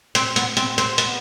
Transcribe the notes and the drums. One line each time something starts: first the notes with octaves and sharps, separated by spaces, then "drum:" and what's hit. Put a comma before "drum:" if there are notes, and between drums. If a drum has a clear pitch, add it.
C4, drum: hi-hat
B3, drum: hi-hat
C4, drum: hi-hat
C4, drum: hi-hat
B3, drum: hi-hat